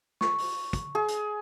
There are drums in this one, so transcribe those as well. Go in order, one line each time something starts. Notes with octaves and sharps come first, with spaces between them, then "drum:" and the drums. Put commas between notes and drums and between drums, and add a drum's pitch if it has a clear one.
C#6, drum: snare
drum: open hi-hat
drum: kick, hi-hat
G#4
drum: hi-hat